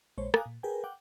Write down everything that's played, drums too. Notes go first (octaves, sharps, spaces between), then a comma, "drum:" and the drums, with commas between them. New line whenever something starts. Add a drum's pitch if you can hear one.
A#1 G#3 C5 C#5
F5 G#5 A#5 D6 D#6 F#6, drum: rim click
A#2
G#4 A#4 B4 G5 G#5
F#5 G5 D6